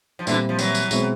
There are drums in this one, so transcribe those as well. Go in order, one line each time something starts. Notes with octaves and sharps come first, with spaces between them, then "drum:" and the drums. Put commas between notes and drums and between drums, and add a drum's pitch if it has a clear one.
F3
A#2 D3 E3 G3 C4 E4, drum: tambourine
F3
E3 F#3, drum: tambourine
drum: tambourine
B2 G#3 C4 E4, drum: tambourine